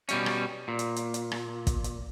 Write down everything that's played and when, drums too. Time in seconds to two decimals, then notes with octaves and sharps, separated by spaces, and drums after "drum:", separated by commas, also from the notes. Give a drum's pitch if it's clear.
0.09 B2 G3 C#4, drum: hi-hat
0.26 drum: rim click
0.68 A#2
0.79 drum: hi-hat
0.96 drum: hi-hat
1.14 drum: hi-hat
1.32 drum: rim click
1.67 drum: kick, hi-hat
1.84 drum: hi-hat